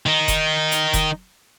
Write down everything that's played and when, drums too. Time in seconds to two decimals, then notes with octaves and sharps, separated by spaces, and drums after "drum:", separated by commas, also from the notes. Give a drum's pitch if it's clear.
0.06 D#3 D#4
0.28 drum: kick F1, hi-hat
0.72 drum: hi-hat
0.93 drum: kick F1, hi-hat